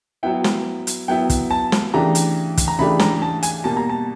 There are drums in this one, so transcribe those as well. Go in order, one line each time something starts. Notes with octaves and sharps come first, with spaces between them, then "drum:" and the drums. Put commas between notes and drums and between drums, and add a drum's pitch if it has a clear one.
F#3 B3 E4 G5
drum: snare
drum: hi-hat
F#3 B3 E4 G5
drum: kick, hi-hat
A5
drum: snare
C#3 E3 A3 D4 G4 A#5
drum: hi-hat
drum: kick, hi-hat
A#5
C#3 E3 A3 D4 G4 B5
A#5, drum: snare
A5
G#5, drum: hi-hat
B2 G3 A#3 A5
A#5
A5